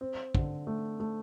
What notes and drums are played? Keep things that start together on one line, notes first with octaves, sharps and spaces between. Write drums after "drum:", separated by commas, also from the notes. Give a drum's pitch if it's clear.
C4
D3, drum: kick
A3
A3